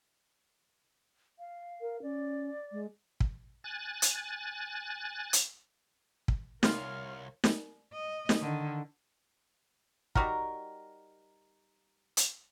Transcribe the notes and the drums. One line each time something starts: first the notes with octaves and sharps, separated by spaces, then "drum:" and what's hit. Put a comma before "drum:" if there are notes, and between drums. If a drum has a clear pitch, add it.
F5
A#4
C#4 D5
G#3
drum: kick
G#5 F#6 A6
drum: hi-hat
drum: hi-hat
drum: kick
C2 G3 F4 A#4 C#5 F6, drum: snare
drum: snare
D#5
drum: snare
D3 D#3
G3 D#4 F#4 A#4, drum: kick
drum: hi-hat